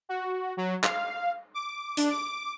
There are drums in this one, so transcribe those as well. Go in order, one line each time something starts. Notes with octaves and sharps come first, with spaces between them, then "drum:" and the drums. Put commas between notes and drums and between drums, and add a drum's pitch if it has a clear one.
F#4
F#3
F5, drum: clap
D6
D4, drum: hi-hat
D6